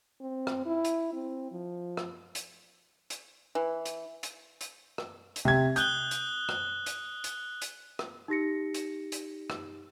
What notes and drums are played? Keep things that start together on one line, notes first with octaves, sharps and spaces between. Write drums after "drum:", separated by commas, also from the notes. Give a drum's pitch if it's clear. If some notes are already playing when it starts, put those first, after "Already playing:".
C4
drum: rim click
E4
drum: hi-hat
C4
F3
drum: rim click
drum: hi-hat
drum: hi-hat
E3
drum: hi-hat
drum: hi-hat
drum: hi-hat
drum: rim click
drum: hi-hat
C3 G#6
D#6 F#6 G6 G7, drum: hi-hat
drum: hi-hat
drum: rim click
drum: hi-hat
drum: hi-hat
drum: hi-hat
drum: rim click
D#4 G4 A#6 C#7
drum: hi-hat
drum: hi-hat
drum: rim click